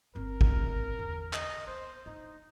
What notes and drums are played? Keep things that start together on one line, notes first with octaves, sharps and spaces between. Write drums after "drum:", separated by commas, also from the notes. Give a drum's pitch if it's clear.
G1 C4 A#4
drum: kick
E2 D3
D#5, drum: clap
B3 C5
D4 D#4